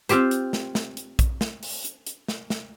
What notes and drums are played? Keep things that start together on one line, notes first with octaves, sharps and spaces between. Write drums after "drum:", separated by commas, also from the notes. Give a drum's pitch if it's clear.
C4 F4 G4 C5, drum: hi-hat
drum: hi-hat
drum: snare
drum: snare
drum: hi-hat
drum: kick, hi-hat
drum: snare
drum: open hi-hat
drum: hi-hat
drum: hi-hat
drum: snare
drum: snare